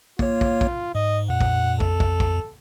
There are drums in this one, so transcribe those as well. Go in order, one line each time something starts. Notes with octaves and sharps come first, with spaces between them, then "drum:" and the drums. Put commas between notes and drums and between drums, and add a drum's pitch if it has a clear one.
A#3 F4 C#5, drum: kick
drum: kick
drum: kick
G#2 D#5
F2 A#2 F#5
drum: kick
F2 A4, drum: kick
drum: kick
drum: kick